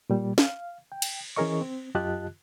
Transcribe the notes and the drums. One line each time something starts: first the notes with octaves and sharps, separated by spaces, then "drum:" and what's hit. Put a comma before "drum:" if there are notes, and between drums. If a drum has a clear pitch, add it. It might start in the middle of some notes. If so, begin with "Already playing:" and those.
A#2 G3
F5, drum: snare
G5
drum: cymbal
E3 C#4 G#4 A#4 D#5 C#6
C4
F#2 F4 G4 D#5 A5 F#6